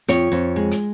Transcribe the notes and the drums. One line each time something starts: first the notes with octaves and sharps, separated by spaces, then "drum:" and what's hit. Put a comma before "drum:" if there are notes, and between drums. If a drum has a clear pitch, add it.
F2 C#5, drum: hi-hat
F2
G#3
drum: hi-hat